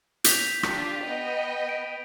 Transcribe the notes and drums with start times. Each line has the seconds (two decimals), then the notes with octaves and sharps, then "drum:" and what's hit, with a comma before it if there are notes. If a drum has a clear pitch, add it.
0.24 G6 B6 F7, drum: hi-hat
0.63 D4 F4 G4, drum: rim click
1.04 B3 D#5 G5
1.69 D7